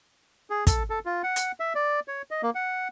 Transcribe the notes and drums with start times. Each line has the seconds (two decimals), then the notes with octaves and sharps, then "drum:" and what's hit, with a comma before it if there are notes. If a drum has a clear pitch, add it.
0.50 G#4
0.67 A4, drum: kick, hi-hat
0.90 A4
1.06 F4
1.23 F#5
1.36 drum: hi-hat
1.60 E5
1.75 D5
2.08 C#5
2.31 D#5
2.43 A#3
2.55 F#5